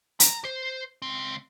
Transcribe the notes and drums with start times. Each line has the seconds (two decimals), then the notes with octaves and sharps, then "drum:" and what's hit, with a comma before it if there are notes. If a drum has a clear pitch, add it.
0.20 A#5, drum: hi-hat
0.45 C5
1.02 C#2 C4